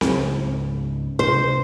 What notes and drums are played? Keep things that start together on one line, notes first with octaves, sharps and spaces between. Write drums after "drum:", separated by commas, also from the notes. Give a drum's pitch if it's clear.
C#2 G#2, drum: snare C4
C3 G#3 D4 C5